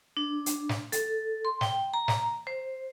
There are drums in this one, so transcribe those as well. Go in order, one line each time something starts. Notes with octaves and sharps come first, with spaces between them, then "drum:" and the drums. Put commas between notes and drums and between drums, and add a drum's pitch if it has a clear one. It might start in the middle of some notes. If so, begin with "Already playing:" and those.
D4
drum: hi-hat
drum: snare
A4, drum: hi-hat
C6
G5, drum: snare
A#5
drum: snare
C5